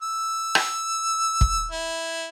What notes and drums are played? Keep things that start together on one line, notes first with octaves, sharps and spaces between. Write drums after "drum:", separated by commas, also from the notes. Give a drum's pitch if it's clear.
E6
drum: rim click
drum: kick
E4